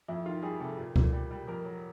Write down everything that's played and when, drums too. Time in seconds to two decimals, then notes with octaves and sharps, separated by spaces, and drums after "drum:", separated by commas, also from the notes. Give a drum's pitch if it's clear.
0.08 F2 E4
0.26 D#3 F4
0.42 G3 G#4
0.60 C3 A4
0.78 A#2
0.96 A#2, drum: kick C#2
1.13 G3
1.31 G3
1.47 F2 A#4
1.64 F#3